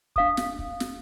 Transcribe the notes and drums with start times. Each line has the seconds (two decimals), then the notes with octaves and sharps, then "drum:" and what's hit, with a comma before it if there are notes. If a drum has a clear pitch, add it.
0.16 D4 F5 D#6, drum: kick
0.37 drum: snare
0.59 drum: kick
0.80 drum: snare